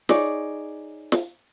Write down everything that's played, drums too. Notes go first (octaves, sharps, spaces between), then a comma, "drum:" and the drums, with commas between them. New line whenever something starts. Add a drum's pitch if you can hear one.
D#4 G#4 C#5 D5, drum: snare
drum: snare